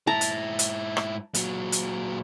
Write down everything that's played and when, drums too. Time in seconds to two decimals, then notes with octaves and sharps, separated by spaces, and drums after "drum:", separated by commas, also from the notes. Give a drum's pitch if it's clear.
0.07 G#2 E4 A5 A#5
0.21 drum: hi-hat
0.59 drum: hi-hat
0.97 drum: rim click
1.34 A#2 F#3, drum: hi-hat
1.72 drum: hi-hat